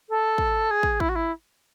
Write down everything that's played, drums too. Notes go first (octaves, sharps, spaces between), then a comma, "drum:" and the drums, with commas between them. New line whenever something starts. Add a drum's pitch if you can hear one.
A4
drum: kick
G#4
drum: kick
E4, drum: kick
F#4
E4